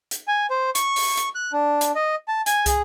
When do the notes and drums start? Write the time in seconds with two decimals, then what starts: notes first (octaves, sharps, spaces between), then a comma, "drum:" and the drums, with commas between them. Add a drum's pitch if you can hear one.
0.11 drum: hi-hat
0.28 G#5
0.50 C5
0.75 C#6, drum: hi-hat
0.96 drum: open hi-hat
1.17 drum: hi-hat
1.35 F#6
1.53 D4
1.81 drum: hi-hat
1.95 D#5
2.28 A5
2.46 G#5, drum: hi-hat
2.66 G#4, drum: kick, hi-hat